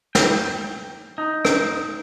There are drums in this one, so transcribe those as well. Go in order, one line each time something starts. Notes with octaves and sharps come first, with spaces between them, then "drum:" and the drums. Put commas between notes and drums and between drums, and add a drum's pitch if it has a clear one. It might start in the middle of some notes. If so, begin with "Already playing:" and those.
G5, drum: snare
D#4
drum: rim click